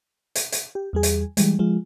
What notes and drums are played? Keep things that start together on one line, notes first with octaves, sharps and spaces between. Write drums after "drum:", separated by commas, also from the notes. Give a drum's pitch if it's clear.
drum: hi-hat
drum: hi-hat
G4
E2 G3 G#4
drum: hi-hat
E3 G3 G#3, drum: hi-hat
F3 G#3 F4